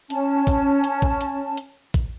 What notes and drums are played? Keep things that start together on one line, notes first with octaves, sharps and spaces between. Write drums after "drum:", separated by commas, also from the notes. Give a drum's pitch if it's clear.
C#4 A5, drum: hi-hat
drum: kick, hi-hat
drum: hi-hat
drum: kick
drum: hi-hat
drum: hi-hat
drum: kick, hi-hat